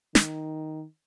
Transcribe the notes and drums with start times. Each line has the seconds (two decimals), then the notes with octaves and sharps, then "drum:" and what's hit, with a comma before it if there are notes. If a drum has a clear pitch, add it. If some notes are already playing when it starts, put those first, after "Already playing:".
0.15 D#3, drum: snare